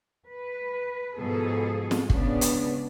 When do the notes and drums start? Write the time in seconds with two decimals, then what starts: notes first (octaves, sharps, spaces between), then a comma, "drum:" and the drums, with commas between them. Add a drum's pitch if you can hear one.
0.28 B4
1.18 G#2 B2 F3 G#4 A4
1.91 drum: snare
2.10 C#3 G#3 B3 D4, drum: kick
2.41 drum: hi-hat